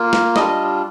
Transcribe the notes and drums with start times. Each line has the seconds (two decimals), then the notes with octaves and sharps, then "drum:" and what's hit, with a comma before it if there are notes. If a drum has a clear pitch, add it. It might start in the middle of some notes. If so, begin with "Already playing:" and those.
Already playing: A#3 F4
0.13 drum: snare
0.36 G3 D4 F4 D#5, drum: snare